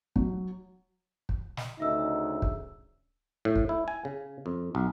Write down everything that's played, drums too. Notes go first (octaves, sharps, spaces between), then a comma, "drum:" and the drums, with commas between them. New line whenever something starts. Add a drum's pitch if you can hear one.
F#3, drum: kick
drum: kick
drum: snare
D2 C#3 D#4 E5 E6
drum: kick
A2
drum: kick
E4
G#5
C#3
F2
B1